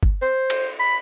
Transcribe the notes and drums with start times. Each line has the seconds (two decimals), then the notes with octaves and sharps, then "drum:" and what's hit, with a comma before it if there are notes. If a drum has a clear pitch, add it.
0.03 drum: kick
0.22 C5
0.50 drum: cymbal
0.80 B5